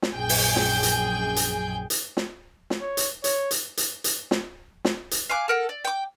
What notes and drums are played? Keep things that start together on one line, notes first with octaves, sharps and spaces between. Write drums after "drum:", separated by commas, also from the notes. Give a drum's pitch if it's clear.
drum: snare
A#1 F#2 G#4 G5 G#5 G6
drum: open hi-hat
drum: snare
drum: hi-hat
drum: hi-hat
drum: hi-hat
drum: snare
drum: snare
C#5
drum: hi-hat
C#5, drum: hi-hat
drum: hi-hat
drum: hi-hat
drum: hi-hat
drum: snare
drum: snare
drum: hi-hat
F5 G#5 D6 F#6
A4 A#4 F#5
D5
G5 D6